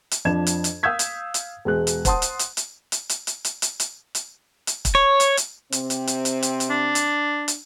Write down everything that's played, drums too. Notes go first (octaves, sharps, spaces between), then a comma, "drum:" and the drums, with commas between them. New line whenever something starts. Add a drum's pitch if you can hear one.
drum: hi-hat
F2 F3 D4 G#6 E7
drum: hi-hat
drum: hi-hat
F5 D#6 E6 G6 G#6 B6
drum: hi-hat
drum: hi-hat
E1 G#3 F#6
drum: hi-hat
C5 F#5 A5 C6 D#6, drum: kick, hi-hat
drum: hi-hat
drum: hi-hat
drum: hi-hat
drum: hi-hat
drum: hi-hat
drum: hi-hat
drum: hi-hat
drum: hi-hat
drum: hi-hat
drum: hi-hat
drum: hi-hat
drum: kick, hi-hat
C#5
drum: hi-hat
drum: hi-hat
C3 C4, drum: hi-hat
drum: hi-hat
drum: hi-hat
drum: hi-hat
drum: hi-hat
drum: hi-hat
D4
drum: hi-hat
drum: hi-hat